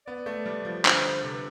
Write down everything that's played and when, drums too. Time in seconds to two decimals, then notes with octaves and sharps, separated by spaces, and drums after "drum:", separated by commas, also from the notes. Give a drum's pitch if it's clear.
0.06 B3 D5
0.26 A3
0.46 G3
0.65 F3
0.85 D3 C5, drum: clap
1.23 C3 A4
1.33 B4